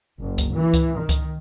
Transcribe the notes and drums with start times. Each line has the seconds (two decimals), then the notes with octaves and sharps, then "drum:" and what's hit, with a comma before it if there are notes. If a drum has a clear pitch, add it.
0.20 F#1
0.38 drum: kick C#2, hi-hat
0.54 E3
0.73 drum: kick C#2, hi-hat
0.99 D#3
1.09 drum: kick C#2, hi-hat